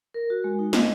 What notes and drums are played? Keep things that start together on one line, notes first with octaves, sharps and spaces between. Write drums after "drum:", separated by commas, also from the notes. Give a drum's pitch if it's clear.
A#4
F#4
G#3
D#4
D#5, drum: snare